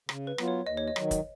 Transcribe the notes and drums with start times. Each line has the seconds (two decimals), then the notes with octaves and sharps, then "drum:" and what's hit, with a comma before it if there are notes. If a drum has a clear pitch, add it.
0.09 C#3, drum: rim click
0.27 B4
0.38 F#3 B3 F4, drum: rim click
0.48 C#5
0.66 D#2 D#5
0.77 C#5
0.88 D#5
0.96 D#3 F#3, drum: rim click
1.11 drum: kick, hi-hat